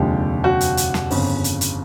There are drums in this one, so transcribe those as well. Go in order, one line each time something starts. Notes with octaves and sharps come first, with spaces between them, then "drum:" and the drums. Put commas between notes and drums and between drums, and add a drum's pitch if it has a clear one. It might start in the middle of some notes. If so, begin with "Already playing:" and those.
Already playing: F1 D#2 D3 F3 G#3 G4
F#4
drum: hi-hat
drum: hi-hat
drum: snare
G1 F2 C#3, drum: open hi-hat
drum: hi-hat
drum: hi-hat